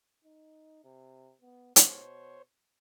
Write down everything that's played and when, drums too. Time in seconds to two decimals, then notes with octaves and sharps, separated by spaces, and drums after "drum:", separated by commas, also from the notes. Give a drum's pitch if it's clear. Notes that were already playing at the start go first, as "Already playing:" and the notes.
0.24 D#4
0.84 C3
1.42 B3
1.76 B2 C5 C#5, drum: hi-hat